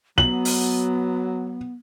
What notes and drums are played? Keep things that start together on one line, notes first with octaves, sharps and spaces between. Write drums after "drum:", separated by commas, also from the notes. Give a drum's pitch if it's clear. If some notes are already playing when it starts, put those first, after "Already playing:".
F#3 B3 F#7, drum: kick
drum: open hi-hat